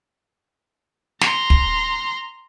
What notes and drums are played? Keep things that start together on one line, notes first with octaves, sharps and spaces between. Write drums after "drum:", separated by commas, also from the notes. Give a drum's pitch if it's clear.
A#5 C6, drum: snare
drum: kick